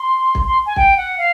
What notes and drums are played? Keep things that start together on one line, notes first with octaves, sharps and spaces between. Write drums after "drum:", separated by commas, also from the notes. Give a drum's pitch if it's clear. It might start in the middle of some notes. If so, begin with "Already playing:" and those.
Already playing: C6
drum: kick
C6
G#5
G5, drum: kick
F#5
F5